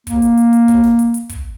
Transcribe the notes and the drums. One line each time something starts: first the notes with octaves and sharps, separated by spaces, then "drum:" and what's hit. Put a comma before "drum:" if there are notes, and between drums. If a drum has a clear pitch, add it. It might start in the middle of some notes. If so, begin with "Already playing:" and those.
A#3, drum: kick, hi-hat
drum: hi-hat
drum: hi-hat
drum: hi-hat
drum: kick, hi-hat
drum: snare
drum: hi-hat
drum: hi-hat
drum: kick, hi-hat